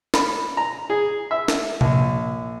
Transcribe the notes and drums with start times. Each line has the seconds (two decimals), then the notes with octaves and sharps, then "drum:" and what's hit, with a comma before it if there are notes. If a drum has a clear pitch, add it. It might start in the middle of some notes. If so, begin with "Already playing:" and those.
0.14 B5, drum: snare
0.57 A#5
0.90 G#4
1.31 E5
1.48 drum: snare
1.81 A#1, drum: tom C3